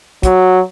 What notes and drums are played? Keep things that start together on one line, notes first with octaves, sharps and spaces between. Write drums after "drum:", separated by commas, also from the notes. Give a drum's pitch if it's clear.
F#3, drum: kick, hi-hat